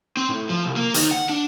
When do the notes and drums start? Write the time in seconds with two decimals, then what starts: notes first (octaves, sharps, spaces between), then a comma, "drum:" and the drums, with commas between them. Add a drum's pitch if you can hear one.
0.17 C4
0.29 A2
0.49 F3
0.65 C2
0.77 A#3
0.94 D#3, drum: hi-hat
1.11 F#5
1.29 D4